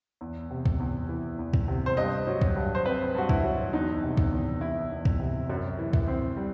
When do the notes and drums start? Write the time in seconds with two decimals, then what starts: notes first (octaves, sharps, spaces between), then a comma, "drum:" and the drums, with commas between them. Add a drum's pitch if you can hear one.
0.21 E2
0.50 C3
0.65 drum: kick
0.80 E2
1.09 E3
1.39 E2
1.53 drum: kick
1.68 C3
1.86 C5
1.97 G2 D#5
2.27 F#3
2.41 drum: kick
2.56 G2
2.75 C5
2.85 C4 B4
3.15 G2 F#4
3.29 E4, drum: kick
3.44 F#3
3.73 E2 D#4
4.03 C3
4.17 drum: kick
4.32 E2
4.61 E3 E4
4.91 E2
5.05 drum: kick
5.20 C3
5.50 F#2
5.79 E3
5.93 drum: kick
6.08 C4
6.37 G3